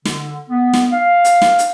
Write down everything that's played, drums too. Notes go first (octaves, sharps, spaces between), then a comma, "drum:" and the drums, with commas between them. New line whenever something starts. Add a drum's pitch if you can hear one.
D3, drum: snare
B3
drum: snare
F5
drum: hi-hat
drum: snare
drum: hi-hat